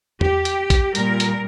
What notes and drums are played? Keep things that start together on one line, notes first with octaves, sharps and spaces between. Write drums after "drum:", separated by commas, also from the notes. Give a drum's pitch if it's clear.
G4, drum: tom E2
drum: hi-hat
drum: kick, hi-hat
A#2 G3 A#4, drum: hi-hat
drum: hi-hat